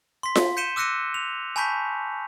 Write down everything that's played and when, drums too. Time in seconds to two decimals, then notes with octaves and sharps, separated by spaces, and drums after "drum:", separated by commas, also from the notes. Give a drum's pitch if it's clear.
0.23 C6 B6
0.35 drum: snare F4
0.57 G6 B6 C#7 D#7 E7 G7
0.76 D6 E6 F#6 A#6 C#7 D#7
1.14 F7
1.56 G#5 A5 B5 C#6 G6 B6